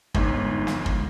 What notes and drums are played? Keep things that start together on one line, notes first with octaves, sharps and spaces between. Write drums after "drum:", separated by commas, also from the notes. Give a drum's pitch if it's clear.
G1 G#2, drum: kick
drum: snare
drum: kick